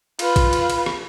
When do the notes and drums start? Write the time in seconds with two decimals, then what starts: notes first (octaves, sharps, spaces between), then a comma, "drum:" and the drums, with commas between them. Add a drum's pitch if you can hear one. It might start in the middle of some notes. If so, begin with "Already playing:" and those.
0.19 F4 B4, drum: cymbal
0.36 drum: kick, cymbal
0.53 drum: cymbal
0.70 drum: cymbal
0.86 drum: rim click